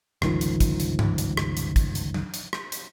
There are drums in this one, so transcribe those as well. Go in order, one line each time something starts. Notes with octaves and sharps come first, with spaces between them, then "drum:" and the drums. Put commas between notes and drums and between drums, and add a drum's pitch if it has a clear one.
G1 C#2 D#3 F3, drum: rim click
drum: hi-hat
drum: kick, hi-hat
drum: hi-hat
drum: tom G#2
drum: hi-hat
drum: rim click
drum: hi-hat
drum: kick, hi-hat
drum: hi-hat
drum: tom F#3
drum: hi-hat
drum: rim click
drum: hi-hat